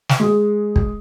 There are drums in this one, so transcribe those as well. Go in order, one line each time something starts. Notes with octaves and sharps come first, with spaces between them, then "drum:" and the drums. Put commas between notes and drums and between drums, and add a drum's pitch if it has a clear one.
drum: snare
G#3 G#4
drum: kick